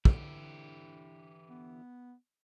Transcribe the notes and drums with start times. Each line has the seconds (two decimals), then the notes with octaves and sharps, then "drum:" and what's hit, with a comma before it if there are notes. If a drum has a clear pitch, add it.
0.05 D3 E3 G4, drum: kick
1.50 B3